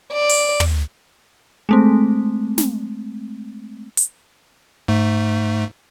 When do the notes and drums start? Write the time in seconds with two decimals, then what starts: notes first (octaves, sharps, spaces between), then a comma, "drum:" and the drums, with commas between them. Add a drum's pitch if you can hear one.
0.12 D5
0.30 drum: open hi-hat
0.60 drum: tom
1.69 G#3 A3 C4
2.58 drum: snare
3.97 drum: hi-hat
4.88 G#2 A3